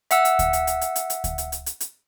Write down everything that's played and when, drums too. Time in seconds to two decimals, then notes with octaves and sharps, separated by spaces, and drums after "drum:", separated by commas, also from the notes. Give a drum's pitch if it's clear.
0.11 E5 F#5 E6, drum: hi-hat
0.25 drum: hi-hat
0.39 drum: kick D2, hi-hat
0.53 drum: hi-hat
0.67 drum: hi-hat
0.81 drum: hi-hat
0.96 drum: hi-hat
1.10 drum: hi-hat
1.24 drum: kick D2, hi-hat
1.38 drum: hi-hat
1.52 drum: hi-hat
1.66 drum: hi-hat
1.81 drum: hi-hat